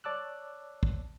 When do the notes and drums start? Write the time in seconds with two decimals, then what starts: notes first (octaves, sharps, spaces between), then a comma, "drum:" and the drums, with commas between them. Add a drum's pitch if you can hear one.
0.04 C#5 D5 A5 D6 E6 F#6
0.83 drum: kick